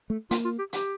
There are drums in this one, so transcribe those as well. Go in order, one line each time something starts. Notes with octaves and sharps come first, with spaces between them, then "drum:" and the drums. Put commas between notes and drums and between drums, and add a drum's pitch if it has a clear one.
A3
A#3 F4, drum: hi-hat
F4
G4
G4, drum: hi-hat